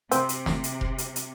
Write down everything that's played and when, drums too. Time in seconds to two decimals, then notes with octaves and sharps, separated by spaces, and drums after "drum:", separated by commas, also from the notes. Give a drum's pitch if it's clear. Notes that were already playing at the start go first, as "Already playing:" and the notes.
0.11 C3 C4, drum: hi-hat
0.29 drum: hi-hat
0.46 drum: snare
0.64 drum: hi-hat
0.81 drum: kick F1
0.98 drum: hi-hat
1.16 drum: hi-hat